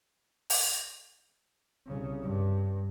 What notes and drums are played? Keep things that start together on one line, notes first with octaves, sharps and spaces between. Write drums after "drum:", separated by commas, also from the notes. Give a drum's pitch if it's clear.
drum: open hi-hat
C2 C#3
G2